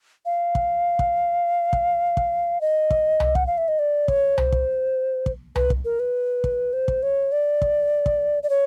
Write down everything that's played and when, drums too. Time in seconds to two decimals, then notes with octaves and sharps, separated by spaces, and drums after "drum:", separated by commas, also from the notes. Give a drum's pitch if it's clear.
0.26 F5
0.55 drum: kick
0.99 drum: kick
1.73 drum: kick
2.17 drum: kick
2.61 D#5
2.91 drum: kick
3.20 drum: tom C2
3.35 F#5, drum: kick
3.47 F5
3.58 E5
3.68 D#5
3.79 D5
4.08 C#5, drum: kick
4.38 C5, drum: tom C2
4.52 drum: kick
5.26 drum: kick
5.55 B4, drum: tom C2
5.70 drum: kick
5.85 A#4
6.00 B4
6.44 drum: kick
6.73 C5
6.88 drum: kick
7.03 C#5
7.32 D5
7.62 drum: kick
8.06 drum: kick
8.43 D5
8.50 C#5